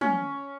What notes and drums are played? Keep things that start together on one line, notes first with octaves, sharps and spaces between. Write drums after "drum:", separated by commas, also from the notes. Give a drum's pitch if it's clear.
C#4, drum: tom